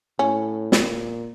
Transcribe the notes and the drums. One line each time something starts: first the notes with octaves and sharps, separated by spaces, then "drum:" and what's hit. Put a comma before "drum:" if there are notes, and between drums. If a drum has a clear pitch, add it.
A2 C#4
A#2, drum: snare